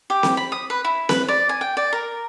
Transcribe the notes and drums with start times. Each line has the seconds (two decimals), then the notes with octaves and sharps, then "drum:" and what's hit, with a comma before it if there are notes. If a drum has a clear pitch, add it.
0.10 G4
0.23 drum: snare C4
0.37 B5
0.52 D#6
0.70 B4
0.84 E4
1.09 B4, drum: snare C4
1.28 D5
1.49 G#5
1.61 G5
1.77 D5
1.93 A#4